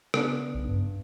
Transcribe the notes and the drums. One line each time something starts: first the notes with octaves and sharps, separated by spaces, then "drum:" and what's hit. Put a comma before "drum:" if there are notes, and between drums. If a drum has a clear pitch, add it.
C#3 B3 D4, drum: rim click
B1
G2